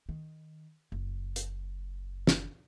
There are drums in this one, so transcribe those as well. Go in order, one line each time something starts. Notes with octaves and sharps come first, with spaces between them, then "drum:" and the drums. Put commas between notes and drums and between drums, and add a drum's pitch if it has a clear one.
D#3
F#1
drum: hi-hat
drum: snare